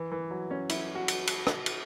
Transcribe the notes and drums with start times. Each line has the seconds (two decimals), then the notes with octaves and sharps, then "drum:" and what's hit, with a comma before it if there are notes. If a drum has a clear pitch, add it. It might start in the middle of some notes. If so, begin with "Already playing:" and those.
Already playing: E3
0.11 E3
0.30 F#3
0.51 C#4
0.69 E4, drum: cymbal
0.95 F#4
1.08 drum: cymbal
1.27 drum: cymbal
1.47 drum: rim click
1.66 drum: cymbal